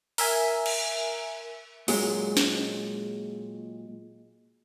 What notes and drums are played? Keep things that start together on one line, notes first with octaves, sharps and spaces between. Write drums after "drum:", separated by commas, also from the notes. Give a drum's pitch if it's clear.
A#4 E5 G#5, drum: open hi-hat
drum: cymbal
A#2 F#3 G#3, drum: open hi-hat
drum: snare